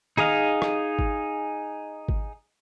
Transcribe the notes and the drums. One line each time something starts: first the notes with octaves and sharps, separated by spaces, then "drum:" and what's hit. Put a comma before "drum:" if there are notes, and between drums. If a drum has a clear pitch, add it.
D#4 G#4 D#5 F5, drum: tom D#3
drum: rim click
drum: kick G#1
drum: kick G#1